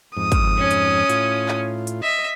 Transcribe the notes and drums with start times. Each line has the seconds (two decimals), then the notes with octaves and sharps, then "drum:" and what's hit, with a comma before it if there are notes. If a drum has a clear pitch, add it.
0.17 F2 G#2 D#6
0.32 drum: kick, hi-hat
0.58 C#4
0.71 drum: hi-hat
1.09 A2 F4, drum: hi-hat
1.48 drum: clap
1.87 drum: hi-hat
2.02 D#5 E5